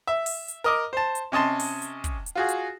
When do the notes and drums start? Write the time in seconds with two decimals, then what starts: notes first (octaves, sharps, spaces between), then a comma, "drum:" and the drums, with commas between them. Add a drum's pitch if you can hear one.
0.07 E5
0.26 drum: open hi-hat
0.48 drum: hi-hat
0.64 A#4 D#5 D6
0.93 C5 A5
1.15 drum: hi-hat
1.32 C3 C#4 D#5 A5 C6
1.60 drum: open hi-hat
1.82 drum: hi-hat
2.04 drum: kick, hi-hat
2.26 drum: hi-hat
2.35 F4 F#4 G#4
2.49 drum: hi-hat